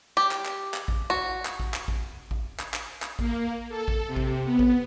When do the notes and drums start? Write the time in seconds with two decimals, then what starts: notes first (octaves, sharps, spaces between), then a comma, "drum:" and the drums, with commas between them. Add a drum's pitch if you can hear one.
0.17 G4
0.31 drum: clap
0.45 drum: clap
0.74 drum: clap
0.88 drum: kick A1
1.10 F#4
1.45 drum: clap
1.60 drum: kick A1
1.74 drum: clap
1.88 drum: kick A1
2.31 drum: kick A1
2.59 drum: clap
2.74 drum: clap
3.02 drum: clap
3.19 A#3, drum: kick A1
3.69 A4
3.88 drum: kick A1
4.07 C3
4.16 drum: kick A1
4.45 B3
4.59 drum: kick A1